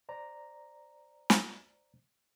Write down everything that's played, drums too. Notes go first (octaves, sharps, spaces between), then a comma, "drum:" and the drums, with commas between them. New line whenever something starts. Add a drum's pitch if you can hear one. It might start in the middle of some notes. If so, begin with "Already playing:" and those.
C5 D5 A#5
drum: snare